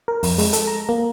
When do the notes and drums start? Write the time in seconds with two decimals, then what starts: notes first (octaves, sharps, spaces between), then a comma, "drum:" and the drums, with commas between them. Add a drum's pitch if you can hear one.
0.08 A#4
0.23 F2, drum: open hi-hat
0.38 G#3, drum: open hi-hat
0.53 A4, drum: hi-hat
0.67 A#5
0.89 A#3